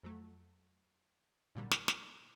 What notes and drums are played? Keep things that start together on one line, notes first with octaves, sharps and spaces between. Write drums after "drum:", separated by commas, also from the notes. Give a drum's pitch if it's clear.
F2 F#3 A3
G#1 A#2 D3 F#3 G3
drum: snare
drum: snare